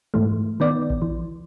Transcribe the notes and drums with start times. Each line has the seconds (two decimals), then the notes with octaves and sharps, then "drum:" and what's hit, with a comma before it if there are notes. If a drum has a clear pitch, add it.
0.14 G#2 E3 A3
0.60 D#3 B3 D5
0.90 drum: kick A1
1.02 E3